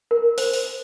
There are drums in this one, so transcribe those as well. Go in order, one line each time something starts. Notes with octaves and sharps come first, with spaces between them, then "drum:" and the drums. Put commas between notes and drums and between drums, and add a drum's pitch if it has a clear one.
A#4
C5, drum: open hi-hat
drum: open hi-hat